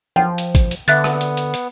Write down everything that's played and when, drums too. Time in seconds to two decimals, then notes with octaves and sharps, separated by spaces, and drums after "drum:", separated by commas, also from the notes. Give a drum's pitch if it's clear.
0.16 F3 G5
0.38 drum: hi-hat
0.55 drum: kick, hi-hat
0.71 drum: hi-hat
0.88 D3 B3 E5 F#6 A6, drum: hi-hat
1.04 drum: rim click
1.21 drum: hi-hat
1.37 drum: hi-hat
1.54 drum: hi-hat